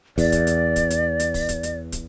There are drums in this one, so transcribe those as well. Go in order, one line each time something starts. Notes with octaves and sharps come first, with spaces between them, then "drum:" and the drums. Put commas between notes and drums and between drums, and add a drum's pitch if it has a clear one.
E2 D5, drum: kick, open hi-hat
drum: kick, hi-hat
drum: hi-hat
drum: kick, hi-hat
drum: hi-hat
drum: hi-hat
drum: kick, open hi-hat
drum: kick, hi-hat
drum: hi-hat
drum: kick, hi-hat